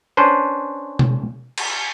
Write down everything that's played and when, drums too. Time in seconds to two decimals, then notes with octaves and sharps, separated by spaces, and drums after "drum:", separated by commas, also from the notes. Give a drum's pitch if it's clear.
0.17 C#4 D4 B4 C5
0.99 drum: tom
1.58 drum: cymbal